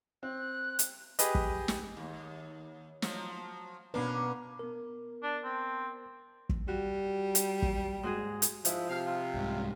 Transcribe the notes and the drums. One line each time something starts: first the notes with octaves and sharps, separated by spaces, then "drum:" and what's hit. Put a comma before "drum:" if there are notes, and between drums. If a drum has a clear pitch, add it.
C4 F#6
drum: hi-hat
G4 G#4 B4 D#5, drum: hi-hat
drum: kick
drum: snare
D#2
F3 F#3, drum: snare
B2 A#3 B3 C#4 D4 B4
B3 A#4
D4
C4
drum: kick
G3 F#4
drum: hi-hat
drum: kick
G#2 F#4 G#4
drum: hi-hat
G#2 F3 G#3 E4, drum: hi-hat
C3 F5
F4
C2 G#2